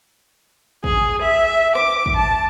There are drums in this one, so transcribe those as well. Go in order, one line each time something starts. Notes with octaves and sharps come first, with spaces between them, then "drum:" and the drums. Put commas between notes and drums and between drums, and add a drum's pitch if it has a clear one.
G#4, drum: kick
E5
D6, drum: rim click
drum: kick
A5